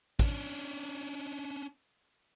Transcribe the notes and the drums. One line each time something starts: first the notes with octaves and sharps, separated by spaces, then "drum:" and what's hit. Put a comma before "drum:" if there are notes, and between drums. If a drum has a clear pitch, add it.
C#4 D4, drum: kick